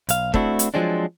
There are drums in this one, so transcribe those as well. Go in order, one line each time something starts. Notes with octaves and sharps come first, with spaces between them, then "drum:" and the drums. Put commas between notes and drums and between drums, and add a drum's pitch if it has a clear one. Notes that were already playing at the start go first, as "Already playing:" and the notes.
B1 F5, drum: hi-hat
A3 C4 D4 E4 F#4, drum: kick
drum: hi-hat
F3 F#3 G#3 C4 D4